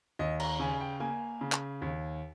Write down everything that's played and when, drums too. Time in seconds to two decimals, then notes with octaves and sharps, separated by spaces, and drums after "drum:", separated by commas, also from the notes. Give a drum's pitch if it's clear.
0.19 D#2 D#5
0.40 A#5, drum: cymbal
0.60 C#3 G#5
0.81 G5
1.00 A#3 G#5
1.41 C#3
1.52 drum: clap
1.82 D#2